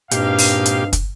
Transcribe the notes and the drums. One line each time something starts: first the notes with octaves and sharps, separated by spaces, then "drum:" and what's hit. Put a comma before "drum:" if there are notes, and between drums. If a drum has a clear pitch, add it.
G#1 G2 A#2 G4 D#5 F5, drum: hi-hat
drum: open hi-hat
drum: hi-hat
drum: kick, hi-hat